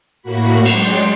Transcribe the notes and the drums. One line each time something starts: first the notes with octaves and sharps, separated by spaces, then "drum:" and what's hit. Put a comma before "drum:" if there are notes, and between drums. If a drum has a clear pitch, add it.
A2 A#3 F#4 B5
F#3 G#3 D5 G5 C6, drum: cymbal